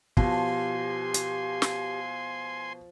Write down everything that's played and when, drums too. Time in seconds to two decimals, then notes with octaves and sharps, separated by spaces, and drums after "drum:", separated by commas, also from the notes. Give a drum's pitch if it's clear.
0.17 B2 F3 G4 G#5 C6, drum: kick
1.14 drum: hi-hat
1.62 drum: snare